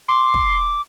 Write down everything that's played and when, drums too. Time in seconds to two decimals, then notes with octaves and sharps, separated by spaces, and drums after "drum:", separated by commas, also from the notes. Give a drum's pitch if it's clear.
0.08 C6 D6
0.34 drum: kick